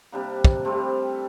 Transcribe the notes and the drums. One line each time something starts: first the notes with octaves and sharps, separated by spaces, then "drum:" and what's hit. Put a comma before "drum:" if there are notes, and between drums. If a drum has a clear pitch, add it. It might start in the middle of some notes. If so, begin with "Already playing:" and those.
C3 G3 A#3 D4
drum: kick
C3 G3 A3 C4